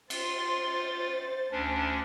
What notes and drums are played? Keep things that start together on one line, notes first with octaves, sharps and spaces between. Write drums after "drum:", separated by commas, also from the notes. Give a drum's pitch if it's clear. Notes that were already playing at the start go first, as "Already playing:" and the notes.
F4 C5 C6 A6, drum: cymbal
D2 C#4 D4